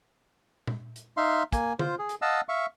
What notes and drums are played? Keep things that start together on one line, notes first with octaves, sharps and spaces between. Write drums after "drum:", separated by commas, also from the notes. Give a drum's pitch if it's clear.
drum: tom A#2
drum: hi-hat
D#4 E5 F5 C6
A#3 G#5, drum: kick, hi-hat
F4 C5, drum: tom D3
G#4
drum: hi-hat
D#5 F5 F#5 A5 E6
E5 F5 C#6